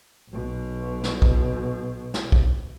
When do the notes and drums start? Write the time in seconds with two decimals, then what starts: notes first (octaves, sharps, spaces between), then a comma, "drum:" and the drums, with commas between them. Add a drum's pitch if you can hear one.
0.30 B1 B2
1.04 drum: snare
1.22 drum: kick
2.14 drum: snare
2.32 drum: kick